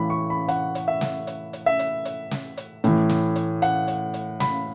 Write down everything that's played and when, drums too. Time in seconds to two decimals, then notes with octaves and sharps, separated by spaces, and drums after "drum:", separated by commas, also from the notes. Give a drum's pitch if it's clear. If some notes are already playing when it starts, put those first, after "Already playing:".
Already playing: A2 E3 B5
0.10 C#6
0.30 B5
0.48 F#5, drum: hi-hat
0.75 drum: hi-hat
0.88 E5
1.01 drum: snare
1.27 drum: hi-hat
1.53 drum: hi-hat
1.66 E5
1.79 drum: hi-hat
2.05 drum: hi-hat
2.31 drum: snare
2.57 drum: hi-hat
2.84 A2 E3, drum: hi-hat
3.09 drum: snare
3.36 drum: hi-hat
3.62 F#5, drum: hi-hat
3.88 drum: hi-hat
4.14 drum: hi-hat
4.40 B5, drum: snare